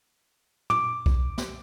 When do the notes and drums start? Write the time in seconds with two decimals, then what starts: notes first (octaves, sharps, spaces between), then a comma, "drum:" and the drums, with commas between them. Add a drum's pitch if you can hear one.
0.70 D6, drum: tom
1.06 drum: kick B1
1.38 drum: snare